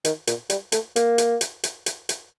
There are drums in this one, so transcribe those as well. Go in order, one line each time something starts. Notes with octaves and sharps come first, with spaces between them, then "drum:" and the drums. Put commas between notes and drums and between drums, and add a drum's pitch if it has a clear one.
D#3, drum: hi-hat
A#2, drum: hi-hat
G3, drum: hi-hat
A3, drum: hi-hat
A#3, drum: hi-hat
drum: hi-hat
drum: hi-hat
drum: hi-hat
drum: hi-hat
drum: hi-hat